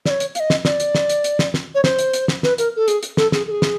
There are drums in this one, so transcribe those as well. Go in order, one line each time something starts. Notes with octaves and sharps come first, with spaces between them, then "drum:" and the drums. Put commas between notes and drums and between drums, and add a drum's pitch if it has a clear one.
D5, drum: snare
C#5
drum: hi-hat
F5, drum: hi-hat
D#5
drum: snare
D5, drum: snare
drum: hi-hat
drum: snare
drum: hi-hat
drum: hi-hat
drum: snare
drum: snare
C#5
C5, drum: snare
drum: hi-hat
drum: hi-hat
drum: snare
B4, drum: snare
A#4, drum: hi-hat
A4
G#4, drum: hi-hat
drum: hi-hat
A4, drum: snare
G#4, drum: snare
A4
G#4
drum: snare